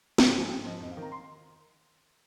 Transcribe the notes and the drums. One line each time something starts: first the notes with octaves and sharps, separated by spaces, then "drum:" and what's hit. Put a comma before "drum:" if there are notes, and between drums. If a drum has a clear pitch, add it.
G#2 F5, drum: snare
G5
F3
G#5
G#2 G5
F3 D#5
F2 D#5
F5
D#3
A#5
C6